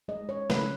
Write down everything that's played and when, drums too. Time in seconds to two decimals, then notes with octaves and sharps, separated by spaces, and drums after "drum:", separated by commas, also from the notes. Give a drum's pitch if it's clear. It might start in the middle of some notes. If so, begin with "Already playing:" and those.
0.08 G#3 D#5
0.29 C#5
0.50 C#3 B4, drum: snare